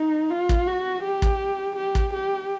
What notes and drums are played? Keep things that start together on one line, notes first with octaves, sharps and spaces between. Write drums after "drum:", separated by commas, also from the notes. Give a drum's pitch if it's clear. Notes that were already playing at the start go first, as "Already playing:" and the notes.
Already playing: D#4
F4
drum: kick
F#4
G4
drum: kick
G4
drum: kick
G4